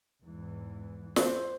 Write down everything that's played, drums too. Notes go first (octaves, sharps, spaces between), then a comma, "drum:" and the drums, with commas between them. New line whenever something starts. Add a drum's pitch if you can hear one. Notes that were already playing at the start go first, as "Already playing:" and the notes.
E2 G#2 E3
C5, drum: snare